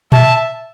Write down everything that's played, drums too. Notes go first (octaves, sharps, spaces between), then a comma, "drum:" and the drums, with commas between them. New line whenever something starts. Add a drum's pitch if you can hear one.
E5 A5, drum: tom A#2